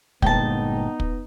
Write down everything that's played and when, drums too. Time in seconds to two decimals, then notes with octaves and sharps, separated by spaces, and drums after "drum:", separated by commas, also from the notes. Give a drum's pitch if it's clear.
0.22 G1 A#2 G#3 B3 D#4 G5 A5, drum: kick
1.00 drum: kick